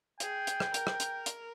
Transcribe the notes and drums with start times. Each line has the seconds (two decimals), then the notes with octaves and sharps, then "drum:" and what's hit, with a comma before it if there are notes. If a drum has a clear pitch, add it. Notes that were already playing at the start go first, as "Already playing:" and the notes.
0.20 G#4 G5, drum: hi-hat
0.47 drum: hi-hat
0.60 drum: rim click
0.74 A#4, drum: hi-hat
0.87 drum: rim click
1.00 drum: hi-hat
1.26 drum: hi-hat